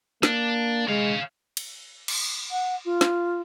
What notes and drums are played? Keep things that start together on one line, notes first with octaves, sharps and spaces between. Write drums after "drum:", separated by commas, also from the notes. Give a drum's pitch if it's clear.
A#3 D4, drum: snare
G#3 C#5 F5
drum: cymbal
drum: cymbal
F#5
F4
drum: snare